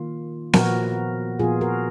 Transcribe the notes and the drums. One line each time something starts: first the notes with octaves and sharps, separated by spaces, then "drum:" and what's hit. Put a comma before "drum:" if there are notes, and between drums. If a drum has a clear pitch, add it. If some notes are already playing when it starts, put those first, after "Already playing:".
Already playing: D#3 A#3 F4
A#2 F3 B3 F#4 A#4, drum: snare B3
A#2 F3 B3 F4 G#4
F#4 A#4